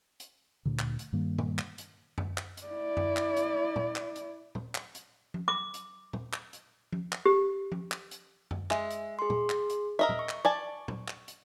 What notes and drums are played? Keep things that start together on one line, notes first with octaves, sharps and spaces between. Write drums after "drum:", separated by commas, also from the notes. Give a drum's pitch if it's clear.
drum: hi-hat
D2 A#2 D3
drum: clap
drum: hi-hat
G2 D#3 G3 A#3
drum: tom
drum: clap
drum: hi-hat
drum: tom F#2
drum: clap
drum: hi-hat
E4 D5
drum: tom F#2
drum: clap
drum: hi-hat
drum: tom
drum: clap
drum: hi-hat
drum: tom
drum: clap
drum: hi-hat
drum: tom
D6
drum: hi-hat
drum: tom
drum: clap
drum: hi-hat
drum: tom
drum: clap
G4
drum: tom
drum: clap
drum: hi-hat
drum: tom F#2
G#3 E5, drum: clap
drum: hi-hat
G#4 C6
drum: tom
drum: clap
drum: hi-hat
A#4 D#5 E5
drum: tom
C#6
drum: clap
D5 G#5 A5
drum: tom A#2
drum: clap
drum: hi-hat